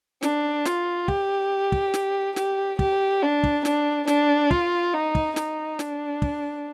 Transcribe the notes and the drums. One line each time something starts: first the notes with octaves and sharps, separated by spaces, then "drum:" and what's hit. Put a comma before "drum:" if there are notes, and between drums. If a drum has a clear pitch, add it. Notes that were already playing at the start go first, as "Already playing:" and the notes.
D4, drum: snare
F4, drum: snare
G4, drum: kick
drum: kick
drum: snare
G4, drum: snare
G4, drum: kick
D4
drum: kick
D4, drum: snare
D4, drum: snare
F4, drum: kick
D#4
drum: kick
D#4, drum: snare
D4, drum: snare
drum: kick